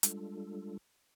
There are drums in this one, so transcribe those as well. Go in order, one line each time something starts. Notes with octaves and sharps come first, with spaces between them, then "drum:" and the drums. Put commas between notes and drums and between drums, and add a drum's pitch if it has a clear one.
G3 G#3 D4 F4 A4, drum: hi-hat